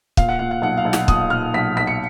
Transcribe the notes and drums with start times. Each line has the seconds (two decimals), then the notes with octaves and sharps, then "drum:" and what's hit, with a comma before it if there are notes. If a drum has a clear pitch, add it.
0.17 A#2 F5, drum: kick
0.28 F#5
0.39 A#2 F#5
0.51 F#5
0.62 B1 F#5
0.77 F5
0.85 B1
0.93 F#5, drum: snare
1.08 A#2 D#6, drum: kick
1.30 A#2 F6
1.54 B1 B6
1.77 B1 B6
1.87 C#7